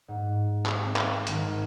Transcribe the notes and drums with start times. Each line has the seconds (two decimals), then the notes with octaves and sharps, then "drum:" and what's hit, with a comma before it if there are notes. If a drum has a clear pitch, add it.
0.08 G#2
0.66 drum: clap
0.85 C4
0.96 drum: clap
1.27 G#1 F6, drum: hi-hat